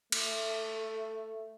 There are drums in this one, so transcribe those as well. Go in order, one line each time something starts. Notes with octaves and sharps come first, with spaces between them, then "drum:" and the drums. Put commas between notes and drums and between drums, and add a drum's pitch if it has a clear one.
A3, drum: cymbal